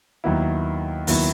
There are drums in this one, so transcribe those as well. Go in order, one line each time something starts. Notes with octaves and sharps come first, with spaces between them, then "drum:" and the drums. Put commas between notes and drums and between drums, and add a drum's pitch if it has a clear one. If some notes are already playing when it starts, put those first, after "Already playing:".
D#2 D#3 F#3 B3 E4
D#2 D#3 F#3 B3 E4, drum: open hi-hat